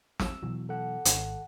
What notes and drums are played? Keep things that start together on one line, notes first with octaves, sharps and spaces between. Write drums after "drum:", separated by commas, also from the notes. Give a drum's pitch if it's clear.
E6, drum: snare
B2 E3 F#3
A4 F#5
G#1, drum: hi-hat